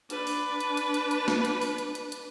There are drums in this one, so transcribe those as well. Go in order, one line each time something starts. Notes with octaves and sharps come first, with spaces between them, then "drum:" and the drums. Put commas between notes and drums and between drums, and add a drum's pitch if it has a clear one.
D4 B4, drum: hi-hat
drum: open hi-hat
drum: hi-hat
drum: hi-hat
drum: hi-hat
drum: hi-hat
drum: snare
drum: hi-hat
drum: open hi-hat
drum: hi-hat
drum: hi-hat
drum: hi-hat